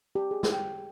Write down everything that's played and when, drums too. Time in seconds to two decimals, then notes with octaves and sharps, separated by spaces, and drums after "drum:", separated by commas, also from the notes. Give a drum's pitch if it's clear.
0.15 G4
0.31 G#4
0.43 drum: snare
0.52 G5